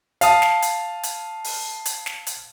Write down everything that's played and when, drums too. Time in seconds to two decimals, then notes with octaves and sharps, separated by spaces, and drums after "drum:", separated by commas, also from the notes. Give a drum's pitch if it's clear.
0.21 F5 A5 D#6, drum: hi-hat
0.42 drum: snare
0.62 drum: hi-hat
1.03 drum: hi-hat
1.44 drum: open hi-hat
1.85 drum: hi-hat
2.06 drum: snare
2.27 drum: hi-hat